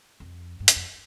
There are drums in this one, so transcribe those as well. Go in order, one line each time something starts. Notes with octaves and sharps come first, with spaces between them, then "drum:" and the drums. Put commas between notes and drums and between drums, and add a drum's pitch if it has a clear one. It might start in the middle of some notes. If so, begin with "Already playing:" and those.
F2
G2
F#2, drum: hi-hat
F2